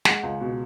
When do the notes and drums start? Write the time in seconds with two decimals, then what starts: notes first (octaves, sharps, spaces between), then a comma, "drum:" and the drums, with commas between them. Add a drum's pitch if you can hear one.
0.05 G#3 F#5, drum: snare
0.23 C#2
0.41 B2